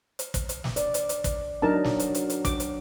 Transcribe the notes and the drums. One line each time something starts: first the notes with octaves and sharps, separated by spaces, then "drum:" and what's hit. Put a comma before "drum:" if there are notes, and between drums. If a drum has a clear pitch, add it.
drum: hi-hat
drum: kick, hi-hat
drum: hi-hat
drum: snare
D5, drum: hi-hat
drum: hi-hat
drum: hi-hat
drum: kick, hi-hat
F#3 D4 D#4 A#4 A5
drum: snare
drum: hi-hat
drum: hi-hat
drum: hi-hat
D6, drum: kick, hi-hat
drum: hi-hat